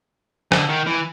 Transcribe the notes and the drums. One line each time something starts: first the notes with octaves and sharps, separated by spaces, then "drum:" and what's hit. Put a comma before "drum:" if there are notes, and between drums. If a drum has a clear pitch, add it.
D3, drum: rim click
D#3
E3